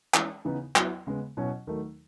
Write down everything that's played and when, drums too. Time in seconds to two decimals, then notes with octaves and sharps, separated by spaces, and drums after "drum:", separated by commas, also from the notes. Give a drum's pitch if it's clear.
0.14 E3 G#3 C#4 E4, drum: clap
0.45 C#3 E3 B3 D#4
0.76 F#3 B3 E4, drum: clap
1.07 C#3 G#3 B3
1.37 B2 F#3 C#4 E4
1.67 D#3 F#3 A3